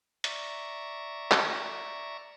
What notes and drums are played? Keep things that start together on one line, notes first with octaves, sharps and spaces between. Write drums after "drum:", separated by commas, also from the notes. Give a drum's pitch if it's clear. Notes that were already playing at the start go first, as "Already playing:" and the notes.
D5 E5 A#5 C#6, drum: hi-hat
drum: clap